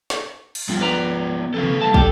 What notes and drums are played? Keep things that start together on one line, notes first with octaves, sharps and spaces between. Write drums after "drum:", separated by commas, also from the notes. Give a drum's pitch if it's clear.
drum: snare
drum: cymbal
G2 F3 B3 F4
B4 D5 A#5
F2 C#3 A4 B4 F5
drum: tom C3
G2 F#3 A5
D4 G4 A4, drum: kick